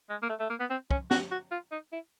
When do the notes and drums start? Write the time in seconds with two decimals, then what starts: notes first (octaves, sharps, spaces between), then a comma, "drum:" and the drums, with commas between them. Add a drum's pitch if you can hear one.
0.10 G#3
0.23 A#3
0.29 A3
0.40 A3
0.50 A#3
0.60 B3
0.70 C4
0.91 C#4, drum: kick
1.11 F#4, drum: snare
1.31 F#4
1.52 F4
1.72 D#4
1.93 E4